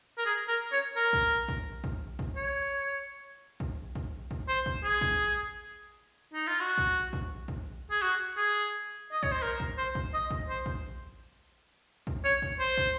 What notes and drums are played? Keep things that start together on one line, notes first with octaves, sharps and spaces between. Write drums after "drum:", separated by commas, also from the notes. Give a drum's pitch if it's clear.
A#4
G#4
A#4
C#5
A#4
drum: kick
drum: kick
drum: kick
drum: kick
C#5
drum: kick
drum: kick
drum: kick
C5
drum: kick
G#4
drum: kick
D#4
F4
F#4
drum: kick
drum: kick
drum: kick
G#4
F#4
G#4
D#5
C#5, drum: kick
C5
A#4
drum: kick
C5
drum: kick
D#5
drum: kick
C5
drum: kick
drum: kick
C#5
drum: kick
C5
drum: kick